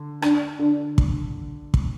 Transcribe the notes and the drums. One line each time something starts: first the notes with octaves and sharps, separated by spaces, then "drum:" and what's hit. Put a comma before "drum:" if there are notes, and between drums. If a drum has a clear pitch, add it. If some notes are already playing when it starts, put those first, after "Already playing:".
Already playing: D3
D4, drum: rim click
D3 D4
drum: kick
drum: kick